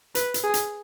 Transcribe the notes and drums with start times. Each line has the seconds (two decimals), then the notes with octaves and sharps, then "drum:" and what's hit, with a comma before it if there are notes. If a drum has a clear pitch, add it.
0.15 B4, drum: hi-hat
0.34 drum: hi-hat
0.43 G#4
0.54 drum: hi-hat